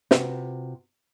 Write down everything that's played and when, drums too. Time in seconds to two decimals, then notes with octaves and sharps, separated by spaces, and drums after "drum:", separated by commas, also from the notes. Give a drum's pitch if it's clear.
0.11 C3 F4 F#4 B4, drum: snare